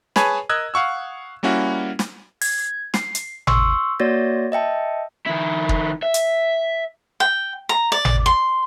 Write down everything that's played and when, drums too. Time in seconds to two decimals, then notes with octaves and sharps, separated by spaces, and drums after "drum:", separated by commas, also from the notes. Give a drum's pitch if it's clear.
0.16 G#4 B4 C#5 G#5 A5 B5, drum: snare
0.49 A#4 D#5 D#6 E6 F#6 G#6
0.74 F5 F#5 C#6 E6
1.43 G3 A#3 C#4 E4 F#4
1.99 drum: snare
2.41 G#6, drum: open hi-hat
2.94 C7, drum: snare
3.15 drum: hi-hat
3.47 C6 C#6 E6, drum: tom G#1
4.00 A#3 F#4 C#5 D5 A6 A#6
4.52 D#5 E5 G5 A5
5.26 D#3 E4
5.69 drum: kick
6.03 E5
6.14 drum: hi-hat
7.20 G5
7.69 A#5
7.92 D5
8.05 drum: tom G#1
8.26 C6